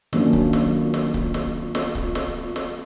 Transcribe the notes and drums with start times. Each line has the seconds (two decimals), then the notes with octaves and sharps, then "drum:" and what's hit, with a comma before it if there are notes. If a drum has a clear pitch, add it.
0.13 D#3 F#3 A#3 C#4 D4, drum: snare
0.33 drum: kick C#1
0.53 drum: snare
0.94 drum: snare
1.14 drum: kick C#1
1.34 drum: snare
1.75 drum: snare
1.95 drum: kick C#1
2.15 drum: snare
2.56 drum: snare